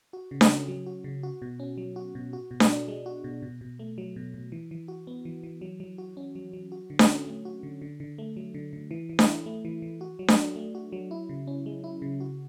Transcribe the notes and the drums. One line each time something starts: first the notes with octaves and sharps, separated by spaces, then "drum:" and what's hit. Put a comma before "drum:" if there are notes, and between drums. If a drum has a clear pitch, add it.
F#4
C#3
drum: snare D4
C#4
F#3
F#4
C#3
F#4
B2
C#4
F#3
F#4
B2
F#4
B2
drum: snare D4
D4
G#3
F#4
B2
B2
B2
A3
F#3
B2
B2
E3
E3
F#4
B3
E3
E3
F#3
F#3
F#4
C#4
F#3
F#3
F#4
D3
drum: snare D4
C#4
A3
F#4
D3
D3
D3
A3
F#3
D3
D3
E3
E3
drum: snare D4
E4
A3
E3
E3
F#4
F#3
drum: snare D4
D4
A3
F#4
F#3
E4
C#3
C#4
G#3
E4
C#3
F#4